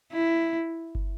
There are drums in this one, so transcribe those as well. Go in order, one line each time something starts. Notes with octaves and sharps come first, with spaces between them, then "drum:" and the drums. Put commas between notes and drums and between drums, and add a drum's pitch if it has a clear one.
E4
drum: kick